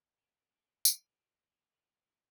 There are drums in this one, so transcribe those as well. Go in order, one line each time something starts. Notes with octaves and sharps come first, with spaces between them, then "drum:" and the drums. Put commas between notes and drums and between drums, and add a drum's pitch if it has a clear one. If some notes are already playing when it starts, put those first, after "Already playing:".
G3
D3
C3, drum: tambourine
B2
F2
E3
F3
E3